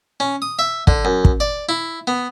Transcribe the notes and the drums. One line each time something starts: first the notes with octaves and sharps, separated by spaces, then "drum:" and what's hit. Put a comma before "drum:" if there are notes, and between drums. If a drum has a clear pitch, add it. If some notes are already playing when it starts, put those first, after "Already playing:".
C#4
D#6
E5
D3, drum: kick
F#2
drum: kick
D5
E4
B3